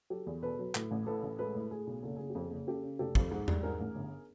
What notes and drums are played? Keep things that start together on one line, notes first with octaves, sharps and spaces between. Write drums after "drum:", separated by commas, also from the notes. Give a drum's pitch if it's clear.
F#3 G4 A4
E2
B2 A4 B4
F#3
A2, drum: clap
A1
A2 A4 B4
A1
G#3 A4 B4
A2
A2 G#4
B1
F#1 A4
F#1 G#4
G4
F2
G#4
F#1
C#3 G4 A4
C#3
F1 G4 A4
F2, drum: kick
G#2
G3, drum: tom E2
G#2 G#4 A#4
A1
G1